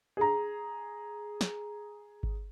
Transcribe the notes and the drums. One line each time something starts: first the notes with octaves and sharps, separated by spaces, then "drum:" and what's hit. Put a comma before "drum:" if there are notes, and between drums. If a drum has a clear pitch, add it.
G#4 A#5
drum: snare
drum: kick G1